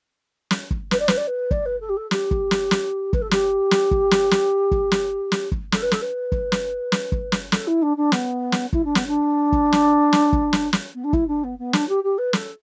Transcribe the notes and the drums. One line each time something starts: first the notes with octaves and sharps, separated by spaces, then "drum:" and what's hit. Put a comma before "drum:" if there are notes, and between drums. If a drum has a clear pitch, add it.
drum: snare
drum: kick
B4, drum: snare
D5
B4, drum: snare
D5
B4
D5, drum: kick
B4
A4
G4
A4
G4, drum: snare
drum: kick
drum: snare
drum: snare
B4, drum: kick
A4
G4, drum: snare
drum: snare
drum: kick
drum: snare
drum: snare
drum: kick
drum: snare
drum: snare
drum: kick
A4, drum: snare
B4
A4, drum: snare
B4
drum: kick
drum: snare
drum: snare
drum: kick
drum: snare
A4, drum: snare
E4
D4
D4
B3, drum: snare
drum: snare
E4, drum: kick
D4
B3, drum: snare
D4
drum: kick
drum: snare
drum: snare
drum: kick
drum: snare
drum: snare
B3
D4
E4, drum: kick
D4
B3
B3
D4, drum: snare
G4
G4
B4
A4, drum: snare